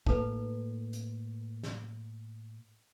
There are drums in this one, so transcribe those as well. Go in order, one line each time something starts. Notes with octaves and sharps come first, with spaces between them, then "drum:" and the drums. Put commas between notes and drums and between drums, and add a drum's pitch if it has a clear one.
A2 A#3 D#4 A4 B4, drum: kick A1
drum: hi-hat
drum: snare